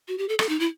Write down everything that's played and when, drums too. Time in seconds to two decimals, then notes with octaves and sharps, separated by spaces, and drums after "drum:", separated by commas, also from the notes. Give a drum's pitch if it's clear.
0.08 F#4
0.18 G4
0.29 A4
0.39 A4, drum: rim click
0.49 D#4
0.60 E4